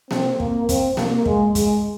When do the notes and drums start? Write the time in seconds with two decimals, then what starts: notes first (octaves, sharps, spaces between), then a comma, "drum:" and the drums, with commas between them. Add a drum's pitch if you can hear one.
0.11 C4, drum: snare A#3
0.40 A#3, drum: kick
0.69 C4, drum: kick, hi-hat
0.97 A#3, drum: snare A#3
1.25 G#3, drum: kick
1.55 G#3, drum: kick, hi-hat